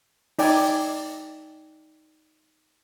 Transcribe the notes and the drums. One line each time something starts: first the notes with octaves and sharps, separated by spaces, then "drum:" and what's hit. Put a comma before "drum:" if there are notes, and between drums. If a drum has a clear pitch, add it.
D#4 D5 G5 G#5, drum: open hi-hat